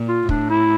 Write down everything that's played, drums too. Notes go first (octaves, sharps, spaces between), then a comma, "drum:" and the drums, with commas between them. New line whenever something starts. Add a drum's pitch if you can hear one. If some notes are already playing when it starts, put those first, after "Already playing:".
Already playing: A#2
F4
A2 D4, drum: kick
E4